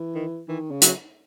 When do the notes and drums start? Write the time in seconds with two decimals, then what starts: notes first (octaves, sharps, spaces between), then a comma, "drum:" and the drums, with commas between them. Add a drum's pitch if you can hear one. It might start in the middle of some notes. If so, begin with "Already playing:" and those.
Already playing: E3
0.15 D#3
0.48 D#3 E3
0.71 C#3
0.82 F#3, drum: hi-hat